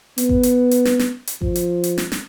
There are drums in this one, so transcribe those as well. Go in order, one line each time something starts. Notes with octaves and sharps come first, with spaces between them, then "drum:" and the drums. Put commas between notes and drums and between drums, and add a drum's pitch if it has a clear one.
B3, drum: hi-hat
drum: kick G#1
drum: hi-hat
drum: hi-hat
drum: snare
drum: snare
drum: hi-hat
F3, drum: kick G#1
drum: hi-hat
drum: hi-hat
drum: snare
drum: snare